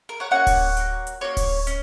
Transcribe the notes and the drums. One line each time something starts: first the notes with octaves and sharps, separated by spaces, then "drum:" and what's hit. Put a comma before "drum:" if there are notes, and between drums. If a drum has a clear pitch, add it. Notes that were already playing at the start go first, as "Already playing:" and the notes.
A#4
C#5 F#5
A#3 C#4 F#4 C#5 F#5
drum: kick D1, open hi-hat
A#3 F#4, drum: hi-hat
drum: hi-hat
A#3 C#4 F#4 C#5
drum: kick D1, open hi-hat
C#4, drum: hi-hat